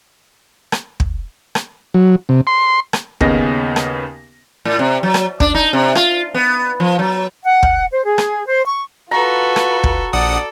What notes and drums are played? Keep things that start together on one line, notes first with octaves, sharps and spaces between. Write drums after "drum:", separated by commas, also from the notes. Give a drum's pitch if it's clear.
drum: rim click
drum: kick
drum: rim click
F#3
C3
C6
drum: rim click
D#2 C#3 B3 C#4 D#5 A#6, drum: kick
drum: rim click
A2
C3
F#3
drum: rim click
D4, drum: kick
D#4
C3
F4, drum: rim click
B3
F3
F#3
F#5
drum: kick
C5
G#4
drum: rim click
C5
C#6
F4 F#4 A4 B4 A#5
drum: rim click
drum: kick
A#1 A4 D5 F#5 D#6